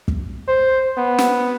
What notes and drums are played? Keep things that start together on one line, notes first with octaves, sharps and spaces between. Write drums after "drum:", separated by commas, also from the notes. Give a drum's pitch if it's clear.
drum: kick
C5
B3
drum: snare